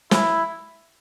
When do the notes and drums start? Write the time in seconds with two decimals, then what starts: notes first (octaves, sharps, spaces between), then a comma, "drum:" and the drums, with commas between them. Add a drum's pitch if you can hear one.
0.11 E4, drum: snare